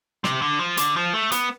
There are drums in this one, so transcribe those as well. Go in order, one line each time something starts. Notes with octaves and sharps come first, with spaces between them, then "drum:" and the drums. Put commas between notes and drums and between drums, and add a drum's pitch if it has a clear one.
C3, drum: snare
D3
F3
D3, drum: hi-hat
F3
A3
B3, drum: hi-hat